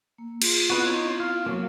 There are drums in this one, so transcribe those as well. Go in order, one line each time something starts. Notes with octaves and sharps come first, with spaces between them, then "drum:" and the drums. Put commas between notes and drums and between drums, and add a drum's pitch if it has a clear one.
A#3
F4 G#4, drum: cymbal
B3 C4 E4 F#4 B4 D#5
D#4 C#5
F5
F#3 A#3 F#4